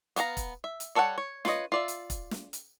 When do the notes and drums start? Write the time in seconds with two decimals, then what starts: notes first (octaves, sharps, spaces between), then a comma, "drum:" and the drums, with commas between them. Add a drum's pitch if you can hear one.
0.16 B3 D4 F5 A#5, drum: hi-hat
0.37 drum: kick, hi-hat
0.64 E5
0.80 drum: hi-hat
0.95 G3 A4 C#5 F5 F#5
1.18 C#5
1.45 F4 B4 C#5 D#5, drum: snare
1.72 F4 D5 E5
1.88 drum: hi-hat
2.10 drum: kick, hi-hat
2.31 drum: snare
2.53 drum: hi-hat